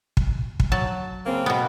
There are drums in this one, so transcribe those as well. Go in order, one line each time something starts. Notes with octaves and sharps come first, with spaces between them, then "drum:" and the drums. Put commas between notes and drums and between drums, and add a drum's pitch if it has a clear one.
drum: kick
drum: kick
F#3 A5
C#3 A#3 C4
B2 B3